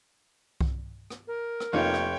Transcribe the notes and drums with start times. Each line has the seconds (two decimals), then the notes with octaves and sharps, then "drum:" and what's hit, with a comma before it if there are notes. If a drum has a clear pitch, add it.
0.61 drum: kick C2
1.10 drum: rim click
1.27 A#4
1.60 drum: rim click
1.73 F1 A#3 D#4 F4 C#5 G5
1.94 drum: rim click